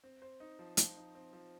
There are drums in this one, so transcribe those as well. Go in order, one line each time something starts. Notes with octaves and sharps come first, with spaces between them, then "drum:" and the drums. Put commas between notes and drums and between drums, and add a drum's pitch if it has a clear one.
C4
C5
D#4
F3
F3, drum: hi-hat
D#4
C4
F3